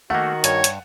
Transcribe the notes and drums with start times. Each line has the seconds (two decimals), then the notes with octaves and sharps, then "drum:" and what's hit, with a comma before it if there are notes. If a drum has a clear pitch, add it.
0.10 D#3 A3 A#3 F#4 F#5
0.44 G2 C#5, drum: hi-hat
0.64 drum: hi-hat